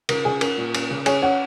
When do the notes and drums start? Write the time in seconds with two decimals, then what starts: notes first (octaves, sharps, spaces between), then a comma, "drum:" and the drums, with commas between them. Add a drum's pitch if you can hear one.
0.09 C#3 A#4, drum: cymbal
0.25 C#3 G#4
0.41 C#4 A#4, drum: cymbal
0.57 A#2
0.74 C#4, drum: cymbal
0.91 C#3
1.06 C#4 G#4 C#5, drum: cymbal
1.22 C#4 C#5 F#5